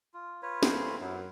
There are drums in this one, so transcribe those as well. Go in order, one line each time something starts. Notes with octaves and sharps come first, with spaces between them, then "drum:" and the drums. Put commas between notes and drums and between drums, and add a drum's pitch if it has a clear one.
F4
F4 B4 C#5
D2 A3 C4, drum: snare
F#2 B3 E4